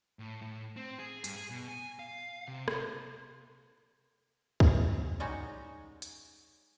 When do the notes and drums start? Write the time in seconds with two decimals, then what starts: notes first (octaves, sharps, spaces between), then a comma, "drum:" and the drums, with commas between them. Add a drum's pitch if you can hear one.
0.19 A2
0.42 A2
0.76 C4
0.99 G#4
1.24 G2, drum: hi-hat
1.36 G#4
1.50 B2
1.68 G#5
1.99 F5
2.48 C3
2.68 C3, drum: rim click
4.60 drum: kick
5.20 G3 G#3 C#4 D#4 F#4
6.02 drum: hi-hat